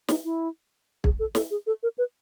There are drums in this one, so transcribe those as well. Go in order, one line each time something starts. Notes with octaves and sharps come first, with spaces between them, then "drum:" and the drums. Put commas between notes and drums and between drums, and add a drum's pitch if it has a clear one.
D#4, drum: snare
E4
G#4, drum: kick
A4
A4, drum: snare
G#4
A4
A#4
B4